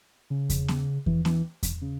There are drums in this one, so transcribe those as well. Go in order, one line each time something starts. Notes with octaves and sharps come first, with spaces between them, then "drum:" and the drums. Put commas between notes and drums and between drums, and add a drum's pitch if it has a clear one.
C#3
drum: kick E2, hi-hat
drum: snare B3
E3, drum: kick E2
E3, drum: snare B3
drum: kick E2, hi-hat
C#3